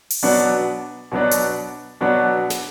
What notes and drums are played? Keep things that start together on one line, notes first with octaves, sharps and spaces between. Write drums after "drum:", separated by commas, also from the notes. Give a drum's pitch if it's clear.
drum: open hi-hat
B2 F#3 B3 D4
B2 F#3 B3 D4
drum: hi-hat
B2 F#3 B3 D4
drum: snare